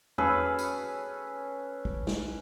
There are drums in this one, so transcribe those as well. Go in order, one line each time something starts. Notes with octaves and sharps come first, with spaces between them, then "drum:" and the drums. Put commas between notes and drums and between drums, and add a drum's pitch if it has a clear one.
C#4 G#4 A4 B4, drum: tom E2
drum: tambourine
drum: kick
drum: snare